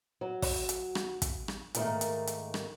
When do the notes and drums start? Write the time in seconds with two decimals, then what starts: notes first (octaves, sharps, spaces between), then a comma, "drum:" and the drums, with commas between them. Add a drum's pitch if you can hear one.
0.21 F#3
0.42 drum: kick, open hi-hat
0.69 drum: hi-hat
0.95 drum: rim click
1.22 drum: kick, hi-hat
1.48 drum: rim click
1.75 G#2 D3 D#3 G3 A3 A#3, drum: hi-hat
2.01 drum: hi-hat
2.27 drum: hi-hat
2.54 drum: rim click